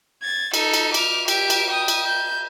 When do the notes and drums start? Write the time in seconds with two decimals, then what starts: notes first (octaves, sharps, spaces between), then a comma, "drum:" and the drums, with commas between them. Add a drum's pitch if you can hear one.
0.23 G#6 A6
0.54 D#4 A4, drum: cymbal
0.74 drum: cymbal
0.94 D6 F6, drum: cymbal
1.28 G4 D7, drum: cymbal
1.50 drum: cymbal
1.70 G5 D#6
1.88 drum: cymbal
2.07 G6